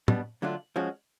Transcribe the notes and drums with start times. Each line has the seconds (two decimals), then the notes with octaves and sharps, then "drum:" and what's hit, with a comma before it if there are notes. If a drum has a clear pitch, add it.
0.08 B2 G3 B3 D4, drum: tom
0.42 D3 F#3 A3 D4 F4
0.76 F3 G#3 C#4 F#4